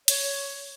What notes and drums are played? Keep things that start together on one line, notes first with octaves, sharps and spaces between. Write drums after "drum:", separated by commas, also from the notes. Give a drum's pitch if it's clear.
C#5, drum: hi-hat